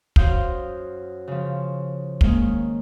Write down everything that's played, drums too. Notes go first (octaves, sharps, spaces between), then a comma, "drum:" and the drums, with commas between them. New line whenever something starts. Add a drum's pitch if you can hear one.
F#2 C5 F5 D#6 F6 G6, drum: kick
C#3 F3
D#3 G#3 A#3 C#4, drum: kick